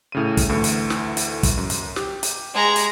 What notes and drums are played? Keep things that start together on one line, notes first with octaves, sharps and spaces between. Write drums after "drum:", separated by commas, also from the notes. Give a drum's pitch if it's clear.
A2 C#3 D#7
drum: kick, hi-hat
D2 A2 E3
drum: hi-hat
drum: snare
drum: hi-hat
drum: kick, hi-hat
F#2
drum: hi-hat
G4, drum: snare
drum: hi-hat
G#3 A#5
drum: hi-hat